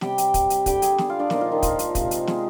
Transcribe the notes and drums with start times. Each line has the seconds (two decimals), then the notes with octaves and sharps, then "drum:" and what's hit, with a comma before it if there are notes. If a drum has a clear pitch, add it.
0.01 C3 G3 G4 G5, drum: snare
0.18 drum: hi-hat
0.34 drum: kick, hi-hat
0.50 drum: hi-hat
0.66 D3 G3 G4 G5, drum: kick, hi-hat
0.82 G#4 G#5, drum: hi-hat
0.98 drum: snare
1.10 F4 F5
1.19 D4 D5
1.30 A#2 F3 G#3 D#4 D#5, drum: snare
1.41 F3 F4
1.51 D#3 D#4
1.63 F3 F4, drum: kick, hi-hat
1.79 drum: hi-hat
1.95 C3 F3 G#3, drum: kick, hi-hat
2.11 drum: hi-hat
2.27 G#3 G#4, drum: snare